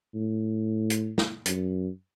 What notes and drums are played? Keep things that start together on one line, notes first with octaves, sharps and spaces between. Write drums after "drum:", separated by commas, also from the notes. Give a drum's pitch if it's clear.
A2
drum: hi-hat
drum: snare
F#2, drum: hi-hat